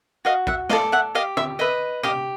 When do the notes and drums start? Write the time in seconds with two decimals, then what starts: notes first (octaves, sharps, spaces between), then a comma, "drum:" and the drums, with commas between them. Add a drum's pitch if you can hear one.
0.25 F#4 D#5 F5
0.47 E5 F#5, drum: kick
0.69 A4 D5 D#5 F5, drum: snare
0.92 E5 F#5
1.15 G4 D#5 F5
1.37 E5, drum: tom
1.59 B4 D#5 E5
2.03 G4 D#5 F5, drum: tom